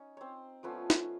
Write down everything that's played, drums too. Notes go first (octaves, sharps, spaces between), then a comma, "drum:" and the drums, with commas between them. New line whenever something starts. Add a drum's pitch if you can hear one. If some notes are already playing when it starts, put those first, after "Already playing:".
Already playing: C#4 D#4
C4 C5 C#5
F3 A3 B3 C#4 F4 B4
drum: snare